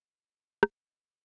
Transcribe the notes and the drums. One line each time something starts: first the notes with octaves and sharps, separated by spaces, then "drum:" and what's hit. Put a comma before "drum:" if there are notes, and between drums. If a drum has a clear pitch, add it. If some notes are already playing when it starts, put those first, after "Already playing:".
Already playing: D5 F5
F4
C5 D#5, drum: rim click
D#5
G#4